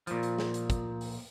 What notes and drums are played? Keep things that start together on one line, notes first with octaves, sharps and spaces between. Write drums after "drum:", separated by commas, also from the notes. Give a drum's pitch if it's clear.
A#2 F3, drum: hi-hat
drum: hi-hat
drum: snare
drum: hi-hat
drum: kick, hi-hat
drum: open hi-hat